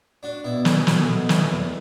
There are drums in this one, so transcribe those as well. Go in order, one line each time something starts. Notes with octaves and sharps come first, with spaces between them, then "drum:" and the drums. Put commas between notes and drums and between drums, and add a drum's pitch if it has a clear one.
D4 F#4
B2 E4
A3 E4, drum: snare
B2, drum: snare
B2
A3, drum: snare
E2